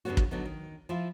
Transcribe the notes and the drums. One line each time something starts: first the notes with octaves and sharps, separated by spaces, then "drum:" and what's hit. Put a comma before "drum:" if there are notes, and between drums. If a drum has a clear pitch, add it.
G2 C#3 G3 B3 C#4 F#4
drum: kick
D3 F#3 B3 D#4
D#3
F3 E4 F4